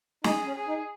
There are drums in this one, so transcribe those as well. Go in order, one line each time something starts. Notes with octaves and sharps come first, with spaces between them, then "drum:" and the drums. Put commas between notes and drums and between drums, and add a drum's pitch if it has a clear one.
D#4 G#4, drum: snare
C#4
G#4
D#4